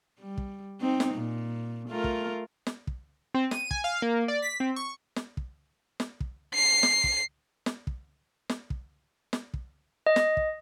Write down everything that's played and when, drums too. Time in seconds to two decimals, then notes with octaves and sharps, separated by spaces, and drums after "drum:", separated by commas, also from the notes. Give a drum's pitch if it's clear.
0.19 G3
0.38 drum: kick
0.81 C4 D#4
1.00 drum: snare
1.15 A#2
1.89 A3 F4 A#4
2.04 drum: kick
2.67 drum: snare
2.87 drum: kick
3.34 C4
3.51 D#7, drum: snare
3.71 G#5, drum: kick
3.84 F5
4.02 A#3
4.28 D5
4.42 B6
4.60 C4
4.76 C#6
5.16 drum: snare
5.37 drum: kick
6.00 drum: snare
6.20 drum: kick
6.54 C7
6.83 drum: snare
7.04 drum: kick
7.66 drum: snare
7.87 drum: kick
8.49 drum: snare
8.70 drum: kick
9.33 drum: snare
9.54 drum: kick
10.07 D#5
10.16 drum: snare
10.37 drum: kick